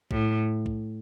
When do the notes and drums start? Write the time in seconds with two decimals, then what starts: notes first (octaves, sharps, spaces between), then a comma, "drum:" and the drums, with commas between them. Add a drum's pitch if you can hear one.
0.11 A2, drum: kick B1
0.66 drum: kick B1